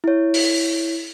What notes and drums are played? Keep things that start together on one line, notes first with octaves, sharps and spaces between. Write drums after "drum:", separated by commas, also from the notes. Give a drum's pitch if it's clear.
E4 C#5
drum: open hi-hat